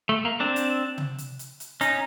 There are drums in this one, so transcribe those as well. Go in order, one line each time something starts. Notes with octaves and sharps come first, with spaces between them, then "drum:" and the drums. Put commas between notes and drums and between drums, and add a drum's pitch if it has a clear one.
A3
A#3
C4 D4
drum: hi-hat
drum: tom
drum: hi-hat
drum: hi-hat
drum: hi-hat
C#4 D#4, drum: hi-hat